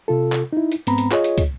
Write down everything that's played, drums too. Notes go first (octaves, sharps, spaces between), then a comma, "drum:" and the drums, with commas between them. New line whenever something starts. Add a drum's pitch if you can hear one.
C3 F4 A4
drum: clap
D#4 E4
drum: hi-hat
G#2 B3 C4 A#5 B5, drum: hi-hat
drum: hi-hat
F4 G#4 C#5 D#5, drum: clap
drum: hi-hat
drum: kick, hi-hat